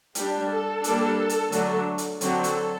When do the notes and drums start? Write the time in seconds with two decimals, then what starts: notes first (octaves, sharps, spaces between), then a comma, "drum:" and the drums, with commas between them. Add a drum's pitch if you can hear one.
0.15 G3 D4 G4, drum: hi-hat
0.50 A4
0.84 G3 A#3 D4, drum: hi-hat
1.29 drum: hi-hat
1.52 D3 F#3 A3 D4, drum: hi-hat
1.98 drum: hi-hat
2.21 D3 F#3 C4 A4, drum: hi-hat
2.44 drum: hi-hat